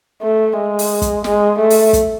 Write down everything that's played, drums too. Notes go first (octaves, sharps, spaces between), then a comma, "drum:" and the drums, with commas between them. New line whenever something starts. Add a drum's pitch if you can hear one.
A3
G#3
drum: open hi-hat
drum: kick, hi-hat
G#3, drum: snare
A3
drum: open hi-hat
drum: kick, hi-hat